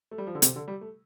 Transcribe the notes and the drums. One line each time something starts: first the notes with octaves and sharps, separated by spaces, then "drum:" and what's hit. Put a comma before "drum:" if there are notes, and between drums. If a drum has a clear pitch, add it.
A3
G3
F3
D3
C3, drum: hi-hat
D3
G3
A3